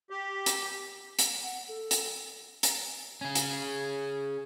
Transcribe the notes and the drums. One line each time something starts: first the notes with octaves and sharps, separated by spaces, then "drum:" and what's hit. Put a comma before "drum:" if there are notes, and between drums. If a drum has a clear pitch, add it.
G4
drum: hi-hat
drum: hi-hat
F#5
A4
drum: hi-hat
drum: hi-hat
C#4 G#4
drum: hi-hat